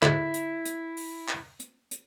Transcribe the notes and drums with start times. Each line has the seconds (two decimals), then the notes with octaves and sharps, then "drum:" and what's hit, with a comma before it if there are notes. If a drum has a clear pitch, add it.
0.02 D2 G#2 E4, drum: clap
0.34 drum: hi-hat
0.65 drum: hi-hat
0.97 drum: open hi-hat
1.28 drum: clap
1.60 drum: hi-hat
1.91 drum: hi-hat